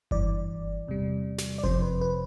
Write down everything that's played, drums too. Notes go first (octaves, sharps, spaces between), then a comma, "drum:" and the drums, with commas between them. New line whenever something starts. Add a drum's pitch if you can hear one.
G1 G2 E3 D5, drum: kick F#1
E2 C3 G3
drum: snare
D5
F2 C3 F3 C5, drum: kick F#1
B4
B4